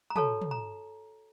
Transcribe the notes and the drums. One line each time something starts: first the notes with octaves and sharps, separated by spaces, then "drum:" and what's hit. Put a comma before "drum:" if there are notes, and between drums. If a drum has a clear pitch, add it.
A#5
F#4 A4 C#5 A5, drum: tom
drum: tom
A#5